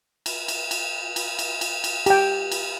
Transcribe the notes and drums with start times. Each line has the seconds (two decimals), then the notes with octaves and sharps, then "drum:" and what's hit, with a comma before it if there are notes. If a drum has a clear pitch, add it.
0.26 drum: cymbal
0.48 drum: cymbal
0.71 drum: cymbal
1.16 drum: cymbal
1.39 drum: cymbal
1.61 drum: cymbal
1.84 drum: cymbal
2.06 G4 G5, drum: cymbal
2.52 drum: cymbal